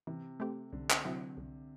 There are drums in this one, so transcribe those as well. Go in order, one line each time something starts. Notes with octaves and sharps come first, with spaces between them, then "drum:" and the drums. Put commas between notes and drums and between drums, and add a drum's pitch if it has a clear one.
C3 E3
A3 C4 G4
C2 D3
drum: clap
C3 F#3 C4 E4
C2